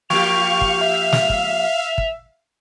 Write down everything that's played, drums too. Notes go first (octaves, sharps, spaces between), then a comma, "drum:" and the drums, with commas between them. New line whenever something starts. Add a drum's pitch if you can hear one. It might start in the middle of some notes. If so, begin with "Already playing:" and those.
F3 A#3 G4 F5 C#6 F7
drum: kick
E5
drum: snare
drum: kick
drum: kick